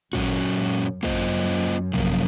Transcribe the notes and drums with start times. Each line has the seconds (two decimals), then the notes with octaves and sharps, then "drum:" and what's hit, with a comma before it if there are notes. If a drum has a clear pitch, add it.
0.13 F#2 A#2 F#3 C#4 F#4, drum: kick
1.03 F#2 A#3 F4 C5 D#5, drum: kick
1.93 C3 F3 A#3, drum: kick